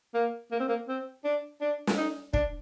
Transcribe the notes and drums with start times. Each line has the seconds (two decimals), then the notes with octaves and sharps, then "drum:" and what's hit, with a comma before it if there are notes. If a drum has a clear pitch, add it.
0.14 A#3
0.52 A#3
0.60 C4
0.68 A#3
0.88 C4
1.24 D4
1.61 D4
1.87 drum: snare
1.97 D#4
2.34 D4, drum: kick